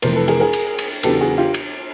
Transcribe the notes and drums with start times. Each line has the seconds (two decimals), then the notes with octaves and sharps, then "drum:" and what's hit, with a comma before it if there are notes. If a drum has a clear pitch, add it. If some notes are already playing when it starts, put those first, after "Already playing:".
0.02 F2 C3 E3 A3 A#4 C5, drum: cymbal
0.15 A4 B4
0.28 G#4 A#4, drum: cymbal
0.40 G#4 A#4
0.53 drum: cymbal
0.79 drum: cymbal
1.03 E2 C#3 F#3 B3 D4 G4 A4, drum: cymbal
1.21 F#4 G#4
1.37 F4 G4
1.54 drum: cymbal